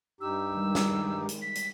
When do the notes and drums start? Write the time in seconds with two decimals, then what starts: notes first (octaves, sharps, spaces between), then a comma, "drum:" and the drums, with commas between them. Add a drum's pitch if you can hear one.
0.21 G2 D#4 G4 E6
0.53 D#3 G3 G#3
0.75 drum: snare
1.29 drum: hi-hat
1.42 B6
1.55 drum: hi-hat